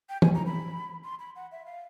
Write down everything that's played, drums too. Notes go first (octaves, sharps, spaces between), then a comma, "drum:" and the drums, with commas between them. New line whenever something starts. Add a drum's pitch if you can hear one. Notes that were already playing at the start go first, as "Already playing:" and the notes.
G5
G#5, drum: tom
A#5
B5
C6
B5
F#5
E5
F5